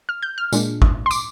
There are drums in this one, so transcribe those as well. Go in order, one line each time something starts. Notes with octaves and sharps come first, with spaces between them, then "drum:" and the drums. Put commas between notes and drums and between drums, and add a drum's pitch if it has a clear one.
F6
G6
F6
A#2 G#3 D4, drum: tambourine
drum: kick
C6
D6, drum: tambourine